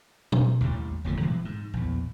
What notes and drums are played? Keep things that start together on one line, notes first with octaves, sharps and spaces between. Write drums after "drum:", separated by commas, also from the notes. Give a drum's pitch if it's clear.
drum: tom
A1 D#2 A2 G3
F#1 D#2 F3 A3
B2 E3 F#3 G#3
G#2
A#1 E2